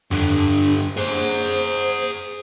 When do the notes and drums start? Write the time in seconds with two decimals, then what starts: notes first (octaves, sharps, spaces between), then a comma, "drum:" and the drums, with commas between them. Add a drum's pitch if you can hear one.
0.11 G2 D3 D4, drum: tom F2
0.97 G#4 C5 F#5